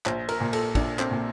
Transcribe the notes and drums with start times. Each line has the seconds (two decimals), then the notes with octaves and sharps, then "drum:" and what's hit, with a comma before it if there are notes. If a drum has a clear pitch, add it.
0.06 A#1 C5, drum: clap
0.29 A#4, drum: cymbal
0.40 A#2
0.53 A4, drum: cymbal
0.75 A#1 D4, drum: kick, cymbal
0.99 C4, drum: clap
1.11 A#2